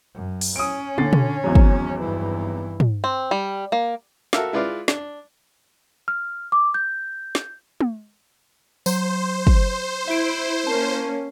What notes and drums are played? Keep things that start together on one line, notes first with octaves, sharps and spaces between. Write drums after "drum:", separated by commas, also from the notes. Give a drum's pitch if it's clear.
F#2
drum: open hi-hat
C#4 D#6 D7
D3 A6 C7, drum: tom
drum: tom
G#1 E2 F#3
drum: kick
G2 E3
drum: tom
C4
G3
A#3
F#4 A4 A#4 E5 F5, drum: snare
G#3 E4 F4 B4 D5 F5
D4, drum: snare
F6
D6
G6
drum: snare
drum: tom
F#3 C5, drum: tambourine
drum: kick
E4 E5 D7
A#3 C#4 A5 C7